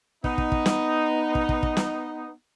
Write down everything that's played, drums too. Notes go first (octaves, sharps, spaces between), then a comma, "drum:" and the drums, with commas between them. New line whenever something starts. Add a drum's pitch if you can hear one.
B3 D#4, drum: kick
drum: kick
drum: kick
drum: snare
drum: kick
drum: kick
drum: kick
drum: snare